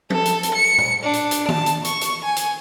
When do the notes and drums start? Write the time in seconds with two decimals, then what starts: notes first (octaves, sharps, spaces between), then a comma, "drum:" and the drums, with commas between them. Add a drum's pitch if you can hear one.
0.10 A4, drum: tom F3
0.26 drum: hi-hat
0.43 drum: hi-hat
0.54 C#7
0.78 drum: tom
1.04 D4
1.13 drum: hi-hat
1.31 drum: hi-hat
1.49 A5, drum: tom D#3
1.66 drum: hi-hat
1.84 C#6, drum: hi-hat
2.01 drum: hi-hat
2.25 G#5
2.36 drum: hi-hat